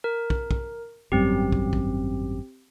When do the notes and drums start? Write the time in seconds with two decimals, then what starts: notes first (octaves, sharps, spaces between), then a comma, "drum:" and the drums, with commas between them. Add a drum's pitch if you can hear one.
0.04 A#4
0.30 drum: kick
0.51 drum: kick
1.12 G#1 F#2 G3 C4 G4
1.52 drum: kick
1.73 drum: kick